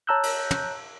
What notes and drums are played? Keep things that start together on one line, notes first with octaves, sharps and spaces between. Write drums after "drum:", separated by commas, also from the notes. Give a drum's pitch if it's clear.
C#5 A5 A#5 E6 F#6 G6
drum: cymbal
drum: tom